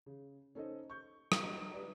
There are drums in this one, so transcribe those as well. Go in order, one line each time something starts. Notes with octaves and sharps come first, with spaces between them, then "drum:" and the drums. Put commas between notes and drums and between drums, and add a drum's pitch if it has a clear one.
C#3
C#4 D#4 A4 C5 D#5
C#6 G6
drum: rim click
F#4 D#5 A#5
G4 B4 D5